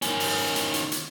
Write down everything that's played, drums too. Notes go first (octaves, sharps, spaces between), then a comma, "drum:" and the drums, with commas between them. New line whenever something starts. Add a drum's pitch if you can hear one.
D#3 C#4, drum: hi-hat
drum: open hi-hat
drum: hi-hat
drum: hi-hat
drum: hi-hat